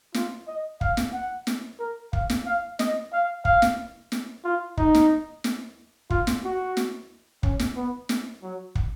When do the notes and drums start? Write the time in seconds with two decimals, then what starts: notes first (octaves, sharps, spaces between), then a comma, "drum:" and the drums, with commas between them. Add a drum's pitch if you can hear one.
0.14 F4, drum: snare
0.48 D#5
0.81 F5, drum: kick
0.97 drum: snare
1.13 F#5
1.47 drum: snare
1.79 A#4
2.13 F5, drum: kick
2.30 drum: snare
2.46 F5
2.79 D#5, drum: snare
3.13 F5
3.45 F5, drum: kick
3.62 drum: snare
4.12 drum: snare
4.44 F4
4.77 D#4, drum: kick
4.95 drum: snare
5.44 drum: snare
6.10 F4, drum: kick
6.27 drum: snare
6.44 F#4
6.77 drum: snare
7.43 C#4, drum: kick
7.59 drum: snare
7.76 B3
8.09 drum: snare
8.43 F#3
8.75 drum: kick